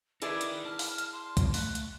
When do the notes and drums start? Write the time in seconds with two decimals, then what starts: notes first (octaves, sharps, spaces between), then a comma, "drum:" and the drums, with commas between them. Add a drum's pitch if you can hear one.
0.22 D#4 E4 G#4 A#4 B4 D5, drum: hi-hat
0.41 drum: hi-hat
0.65 A5 F6
0.79 drum: open hi-hat
0.98 drum: hi-hat
1.12 C6
1.37 drum: kick, hi-hat
1.54 A3 F#6, drum: open hi-hat
1.75 drum: hi-hat